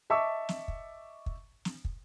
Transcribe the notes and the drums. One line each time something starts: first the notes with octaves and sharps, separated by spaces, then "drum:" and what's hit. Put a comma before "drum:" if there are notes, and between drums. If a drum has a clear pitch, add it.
D#5 E5 A5 C#6 D6 E6
drum: snare
drum: kick
drum: kick
drum: snare
drum: kick